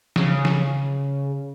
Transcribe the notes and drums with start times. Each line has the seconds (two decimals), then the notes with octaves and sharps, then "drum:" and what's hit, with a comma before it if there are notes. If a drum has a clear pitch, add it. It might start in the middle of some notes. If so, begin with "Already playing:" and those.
0.16 C#3, drum: snare
0.45 drum: snare